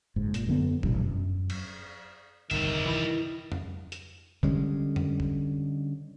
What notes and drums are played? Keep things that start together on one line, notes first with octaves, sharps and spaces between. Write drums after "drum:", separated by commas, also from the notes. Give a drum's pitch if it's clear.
F#1 G#2
A#2, drum: hi-hat
F#2 D3 B3
D#1 A1 G2 B2, drum: kick
F#2
drum: cymbal
G1 C2 F2 D#3 G3 E5, drum: cymbal
E3 E4 A#6
drum: tom F2
drum: hi-hat
D3 G3 G#3 C#4, drum: kick
drum: tom F2
drum: kick